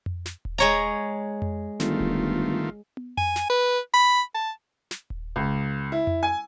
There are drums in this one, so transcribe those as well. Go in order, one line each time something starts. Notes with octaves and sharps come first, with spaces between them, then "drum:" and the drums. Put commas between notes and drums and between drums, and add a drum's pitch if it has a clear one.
drum: tom F2
drum: snare
drum: kick D#1
G#3 C#5 A#5
drum: tom F2
G1 D#3 A3 F4, drum: snare
drum: kick D#1
drum: tom
G#5, drum: tom F2
drum: snare
B4
B5
A5
drum: snare
drum: kick D#1
C#2
E4
drum: tom F2
G#5